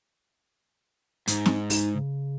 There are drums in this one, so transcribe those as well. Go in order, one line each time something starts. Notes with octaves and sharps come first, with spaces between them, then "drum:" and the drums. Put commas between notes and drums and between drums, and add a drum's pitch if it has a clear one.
G#2 D#4, drum: hi-hat
drum: snare
D#4, drum: open hi-hat
C#3